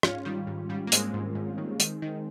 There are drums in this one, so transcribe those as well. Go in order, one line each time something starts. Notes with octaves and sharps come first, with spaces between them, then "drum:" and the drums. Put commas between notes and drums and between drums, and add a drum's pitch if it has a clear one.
G#2 C#4 F4, drum: rim click
D#3 G3
G#2
G#2 G3
A#3
G#2 G#3 C4, drum: hi-hat
G#2
G#2
D#3
D#3, drum: hi-hat
D#3